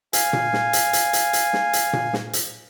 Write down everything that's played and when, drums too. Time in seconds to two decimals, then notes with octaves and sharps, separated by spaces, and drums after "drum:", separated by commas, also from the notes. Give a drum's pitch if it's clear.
0.13 F5 G#5, drum: hi-hat
0.33 drum: tom A#2
0.53 drum: snare
0.73 drum: hi-hat
0.93 drum: hi-hat
1.13 drum: hi-hat
1.33 drum: hi-hat
1.53 drum: snare
1.73 drum: hi-hat
1.93 drum: tom A#2
2.13 drum: snare
2.33 drum: hi-hat